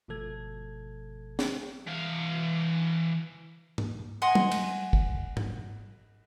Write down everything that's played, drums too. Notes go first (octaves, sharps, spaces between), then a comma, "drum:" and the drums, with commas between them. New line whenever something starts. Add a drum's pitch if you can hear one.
G1 B2 F3 A3 A4 G#6
drum: snare
E3 F5
drum: tom G#2
D#5 F#5 G#5 C6
drum: tom
drum: cymbal
drum: kick
drum: tom G#2